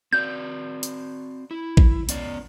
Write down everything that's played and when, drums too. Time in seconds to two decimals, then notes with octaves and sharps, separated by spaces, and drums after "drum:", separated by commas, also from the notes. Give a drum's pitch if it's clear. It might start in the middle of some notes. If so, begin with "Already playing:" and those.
0.13 C4 F#4 D5 G6
0.83 drum: hi-hat
1.51 E4
1.77 drum: kick A1
2.09 B3 C#4 D5, drum: hi-hat